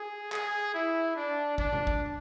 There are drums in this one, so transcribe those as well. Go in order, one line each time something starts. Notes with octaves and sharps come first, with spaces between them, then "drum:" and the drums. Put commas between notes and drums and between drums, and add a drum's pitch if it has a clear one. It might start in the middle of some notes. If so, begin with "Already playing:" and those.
Already playing: G#4
G#4, drum: clap
E4
D4
D4, drum: kick
drum: tom B2
drum: kick